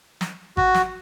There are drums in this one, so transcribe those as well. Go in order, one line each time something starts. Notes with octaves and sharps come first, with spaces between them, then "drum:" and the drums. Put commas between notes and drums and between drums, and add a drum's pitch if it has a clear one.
drum: snare
F#4, drum: kick G#1
drum: snare